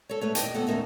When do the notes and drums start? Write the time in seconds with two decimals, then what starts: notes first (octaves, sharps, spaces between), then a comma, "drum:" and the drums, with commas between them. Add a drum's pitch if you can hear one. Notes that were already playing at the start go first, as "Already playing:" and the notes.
0.09 A4 C#5
0.21 A3 B4 C#5
0.35 A#2 D#3 D#5 G5, drum: hi-hat
0.54 D2 B3 C#4 A4 F#5
0.67 D2 A3 C#4 D#4 A#4 E5